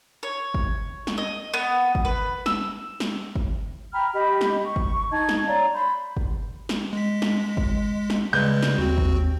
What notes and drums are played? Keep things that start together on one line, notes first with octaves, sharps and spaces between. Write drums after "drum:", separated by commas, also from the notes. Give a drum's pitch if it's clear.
C#5
drum: kick
drum: snare
D#5
B3
drum: kick
B4
E6, drum: snare
drum: snare
drum: kick
G5 A#5 B5 F6
G4 D#5 B5
drum: snare
C#6
drum: kick
D#4 D#5 A5 G#6
drum: snare
C#5 D5 F5 A#5
B5 C6 G6
drum: kick
drum: snare
G#3 B6
drum: snare
drum: kick
drum: snare
C#3 G3 G#3 B4 G6
drum: snare
D#2 C4 F#4
drum: kick